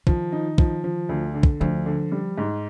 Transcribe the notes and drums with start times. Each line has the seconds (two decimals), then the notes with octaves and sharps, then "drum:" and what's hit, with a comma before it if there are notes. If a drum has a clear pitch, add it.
0.07 D#3 F3, drum: kick
0.32 D#4
0.58 F3, drum: kick
0.84 F3
1.09 D2
1.34 D3
1.43 drum: kick
1.60 D2 F3
1.86 D3
2.12 G3
2.38 G#2